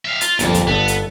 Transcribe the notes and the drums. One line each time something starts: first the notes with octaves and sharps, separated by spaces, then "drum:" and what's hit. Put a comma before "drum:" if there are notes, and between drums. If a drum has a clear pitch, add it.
E5 F5
F4, drum: hi-hat
G1 F2 A#2, drum: hi-hat
drum: kick, hi-hat
G1 B3 A4
drum: hi-hat